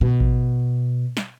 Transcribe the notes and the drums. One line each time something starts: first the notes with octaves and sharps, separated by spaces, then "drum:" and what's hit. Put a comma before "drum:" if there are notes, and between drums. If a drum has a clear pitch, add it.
B2
drum: kick A1
drum: snare